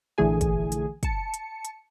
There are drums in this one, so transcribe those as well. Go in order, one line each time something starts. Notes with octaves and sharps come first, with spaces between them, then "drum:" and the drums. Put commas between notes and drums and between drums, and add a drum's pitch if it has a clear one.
A#1 D3 E3 A3 G#4 G#5
drum: kick, hi-hat
drum: hi-hat
A5 C#7, drum: kick, hi-hat
drum: hi-hat
drum: hi-hat